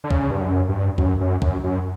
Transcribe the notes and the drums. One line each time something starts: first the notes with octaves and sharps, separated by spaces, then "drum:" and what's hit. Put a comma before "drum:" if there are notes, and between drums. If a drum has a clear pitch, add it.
D3
C#3, drum: kick C#2
G2
F#2
G2
F#2, drum: kick C#2
F#2
F#2, drum: kick C#2
F#2